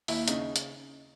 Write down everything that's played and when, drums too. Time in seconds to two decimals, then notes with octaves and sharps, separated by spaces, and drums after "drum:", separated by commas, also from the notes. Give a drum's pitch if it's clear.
0.08 D#2 E4, drum: open hi-hat
0.28 C#3 D#4, drum: hi-hat
0.56 drum: hi-hat